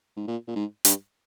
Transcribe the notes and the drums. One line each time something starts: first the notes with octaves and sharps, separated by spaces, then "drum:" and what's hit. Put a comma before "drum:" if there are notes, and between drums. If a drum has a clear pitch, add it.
G#2
A#2
A#2
G#2
G2, drum: hi-hat